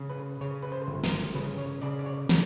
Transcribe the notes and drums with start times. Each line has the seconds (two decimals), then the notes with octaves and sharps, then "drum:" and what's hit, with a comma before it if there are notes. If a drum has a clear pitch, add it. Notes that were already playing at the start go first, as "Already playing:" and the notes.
Already playing: C#3
0.10 B4
0.41 C#3 C#5
0.63 B4
0.72 C5
0.88 G1
1.04 A#4, drum: snare
1.35 C#3 B4
1.58 C#5
1.82 C#3 D5
1.99 D5
2.06 C#5
2.29 C#3 A#4, drum: snare